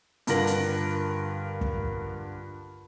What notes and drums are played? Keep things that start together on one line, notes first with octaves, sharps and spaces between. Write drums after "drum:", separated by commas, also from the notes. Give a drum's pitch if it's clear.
G2 D3 F4 A#4 A#6 F#7, drum: hi-hat
drum: hi-hat
drum: kick